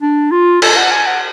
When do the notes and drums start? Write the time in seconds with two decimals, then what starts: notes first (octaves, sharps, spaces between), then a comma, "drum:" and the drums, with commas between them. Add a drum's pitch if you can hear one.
0.02 D4
0.31 F4
0.62 A4, drum: cymbal
0.77 F#5
0.91 G#5
1.06 F#5